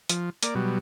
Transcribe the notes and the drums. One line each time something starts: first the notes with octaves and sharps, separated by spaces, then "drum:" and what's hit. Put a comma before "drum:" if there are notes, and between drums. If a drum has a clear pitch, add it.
F3, drum: hi-hat
A#3 D5, drum: hi-hat
B2 F#3 G3